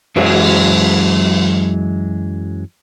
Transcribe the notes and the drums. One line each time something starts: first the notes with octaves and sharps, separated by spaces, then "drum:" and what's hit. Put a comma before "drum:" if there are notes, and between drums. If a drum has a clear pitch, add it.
F#2 E3 F#3 G#3, drum: cymbal